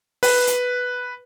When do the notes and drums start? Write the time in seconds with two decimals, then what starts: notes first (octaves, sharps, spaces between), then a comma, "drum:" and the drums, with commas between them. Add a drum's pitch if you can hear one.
0.23 B4, drum: open hi-hat
0.47 drum: hi-hat